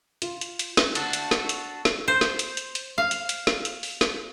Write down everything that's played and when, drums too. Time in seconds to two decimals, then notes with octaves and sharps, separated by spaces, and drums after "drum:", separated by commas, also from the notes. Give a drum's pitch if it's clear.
0.22 F4, drum: hi-hat
0.41 drum: hi-hat
0.59 drum: hi-hat
0.77 drum: snare
0.95 D4 F#4 A4, drum: hi-hat
1.13 drum: hi-hat
1.31 drum: snare
1.49 drum: hi-hat
1.85 drum: snare
2.08 C5
2.21 drum: snare
2.39 drum: hi-hat
2.57 drum: hi-hat
2.75 drum: hi-hat
2.98 F5
3.11 drum: hi-hat
3.29 drum: hi-hat
3.47 drum: snare
3.65 drum: hi-hat
3.83 drum: open hi-hat
4.01 drum: snare